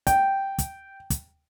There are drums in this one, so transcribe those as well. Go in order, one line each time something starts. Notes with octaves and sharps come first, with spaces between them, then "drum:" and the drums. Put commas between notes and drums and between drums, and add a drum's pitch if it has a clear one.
G5, drum: kick, hi-hat
drum: kick, hi-hat
drum: kick, hi-hat